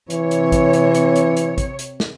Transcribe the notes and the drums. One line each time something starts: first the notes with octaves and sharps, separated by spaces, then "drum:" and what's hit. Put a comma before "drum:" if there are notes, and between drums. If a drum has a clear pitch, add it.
C3 E3 C#5, drum: hi-hat
drum: hi-hat
drum: kick, hi-hat
drum: hi-hat
drum: hi-hat
drum: hi-hat
drum: hi-hat
drum: kick, hi-hat
drum: hi-hat
drum: snare